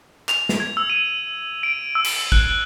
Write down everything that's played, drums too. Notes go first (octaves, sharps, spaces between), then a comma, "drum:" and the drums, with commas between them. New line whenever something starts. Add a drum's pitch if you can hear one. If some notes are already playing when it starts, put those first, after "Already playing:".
F7, drum: clap
drum: snare
G#6
E6
D#7
D7
E6
drum: cymbal
F#6, drum: kick